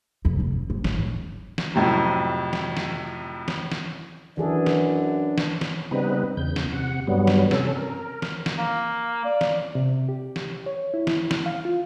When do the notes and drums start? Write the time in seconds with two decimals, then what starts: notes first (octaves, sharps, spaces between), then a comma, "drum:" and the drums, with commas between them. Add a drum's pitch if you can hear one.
0.25 F2 C3
0.39 E2 C3
0.52 C#3
0.70 G#2
0.84 A1, drum: snare
0.98 A1 D2
1.58 drum: snare
1.74 F2 A2 C3 F#3
2.53 drum: snare
2.77 drum: snare
3.48 drum: snare
3.72 drum: snare
4.38 F#2 E3 D4 G#4 A4
4.66 drum: snare
5.38 drum: snare
5.61 drum: snare
5.91 C#3 G3 B3 C4 D#4 B4
6.37 E2 C#3 G6
6.56 drum: snare
6.73 C3 F#5
7.07 G2 F#3 G3 B3
7.27 drum: snare
7.51 C3 C#4 A4, drum: snare
7.76 A#4
8.22 drum: snare
8.46 drum: snare
8.58 A#3
9.25 D5
9.41 drum: snare
9.75 C3
10.09 G4
10.36 drum: snare
10.66 C#5
10.94 E4
11.07 drum: snare
11.31 drum: snare
11.46 F5
11.65 F4